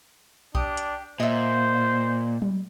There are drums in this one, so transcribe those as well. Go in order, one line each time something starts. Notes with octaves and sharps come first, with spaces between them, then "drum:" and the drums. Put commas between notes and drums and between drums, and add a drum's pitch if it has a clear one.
D4 G4 D#6, drum: kick B1
drum: hi-hat
A#2 C5 D#5 E5
drum: tom F#3